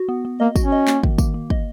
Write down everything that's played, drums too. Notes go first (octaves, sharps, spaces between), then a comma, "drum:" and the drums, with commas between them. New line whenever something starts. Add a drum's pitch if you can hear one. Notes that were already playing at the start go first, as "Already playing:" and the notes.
Already playing: F#4
B3
B3
A#3 D#5
F#4, drum: kick, tambourine
C#4
D#5
A#3, drum: clap
D#3, drum: kick
A#3, drum: kick, tambourine
A#3
D#5, drum: kick